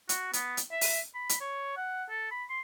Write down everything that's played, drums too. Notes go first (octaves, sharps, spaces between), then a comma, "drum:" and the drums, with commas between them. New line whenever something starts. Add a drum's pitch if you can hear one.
F#4, drum: hi-hat
B3, drum: hi-hat
drum: hi-hat
E5
drum: open hi-hat
B5
drum: hi-hat
C#5
F#5
A4
B5
C6